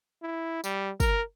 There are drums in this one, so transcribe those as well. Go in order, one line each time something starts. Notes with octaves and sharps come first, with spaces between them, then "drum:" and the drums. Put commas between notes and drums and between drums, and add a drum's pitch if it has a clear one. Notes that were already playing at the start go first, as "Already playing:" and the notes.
E4
G3, drum: tambourine
A#4, drum: kick, tambourine